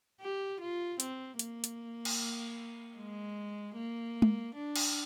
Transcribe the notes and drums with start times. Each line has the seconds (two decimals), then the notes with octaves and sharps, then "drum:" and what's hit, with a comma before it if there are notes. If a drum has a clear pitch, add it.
0.20 G4
0.61 F4
1.00 C4, drum: hi-hat
1.39 A#3, drum: hi-hat
1.64 drum: hi-hat
2.05 drum: cymbal
2.97 G#3
3.76 A#3
4.22 drum: tom G#3
4.54 D4
4.76 drum: cymbal